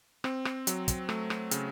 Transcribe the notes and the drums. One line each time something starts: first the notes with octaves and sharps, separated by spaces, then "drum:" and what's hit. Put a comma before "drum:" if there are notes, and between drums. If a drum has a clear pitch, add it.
C4, drum: rim click
drum: rim click
F#3, drum: hi-hat
drum: kick, hi-hat
A3, drum: rim click
drum: rim click
C#3, drum: hi-hat